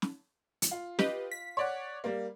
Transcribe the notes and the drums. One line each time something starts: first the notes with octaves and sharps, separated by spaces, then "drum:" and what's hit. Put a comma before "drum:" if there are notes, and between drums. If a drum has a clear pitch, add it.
drum: snare
drum: hi-hat
F4
G4 B4 D#5, drum: snare
B6
C#5 D5 F#5
G3 A#3